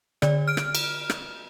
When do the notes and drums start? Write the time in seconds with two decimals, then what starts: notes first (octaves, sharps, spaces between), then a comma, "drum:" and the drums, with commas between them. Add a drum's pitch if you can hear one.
0.22 D3 D5, drum: rim click
0.48 F6 D7
0.57 drum: rim click
0.75 drum: cymbal
1.10 drum: rim click